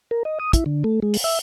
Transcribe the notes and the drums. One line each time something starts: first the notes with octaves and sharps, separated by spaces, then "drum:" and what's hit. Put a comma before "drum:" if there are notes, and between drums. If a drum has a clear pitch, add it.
A#4
D#5
D#6
E4, drum: kick, hi-hat
D3
A3
G#3
drum: open hi-hat
E5